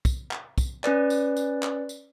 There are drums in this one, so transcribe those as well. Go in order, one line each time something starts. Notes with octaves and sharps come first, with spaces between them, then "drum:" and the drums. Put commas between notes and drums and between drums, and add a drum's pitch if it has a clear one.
drum: kick, tambourine
drum: clap
drum: kick, tambourine
C#4 B4 D5, drum: clap
drum: tambourine
drum: tambourine
drum: clap
drum: tambourine